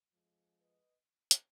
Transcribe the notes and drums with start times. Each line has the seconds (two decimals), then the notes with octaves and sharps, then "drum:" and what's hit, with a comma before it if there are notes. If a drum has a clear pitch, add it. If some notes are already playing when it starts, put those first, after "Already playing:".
0.11 F2 F3 G#3
0.61 B4 D#5
1.31 drum: hi-hat